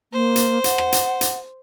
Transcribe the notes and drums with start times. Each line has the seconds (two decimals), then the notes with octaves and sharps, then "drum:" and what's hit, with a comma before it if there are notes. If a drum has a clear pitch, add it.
0.13 A#3 C5
0.36 drum: hi-hat
0.64 F#5, drum: hi-hat
0.78 drum: rim click
0.92 drum: hi-hat
1.21 drum: hi-hat